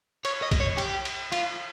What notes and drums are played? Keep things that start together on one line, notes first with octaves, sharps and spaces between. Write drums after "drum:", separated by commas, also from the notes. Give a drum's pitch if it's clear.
C#5, drum: cymbal
D#5
drum: kick, cymbal
C#5
G4, drum: cymbal
drum: cymbal
F4, drum: cymbal